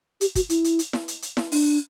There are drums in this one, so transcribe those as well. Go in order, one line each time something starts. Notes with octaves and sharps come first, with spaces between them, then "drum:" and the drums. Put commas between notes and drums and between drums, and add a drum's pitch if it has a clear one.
G4, drum: hi-hat
F#4, drum: kick, hi-hat
E4, drum: hi-hat
drum: hi-hat
drum: hi-hat
drum: snare E4
drum: hi-hat
drum: hi-hat
drum: snare E4
D4, drum: open hi-hat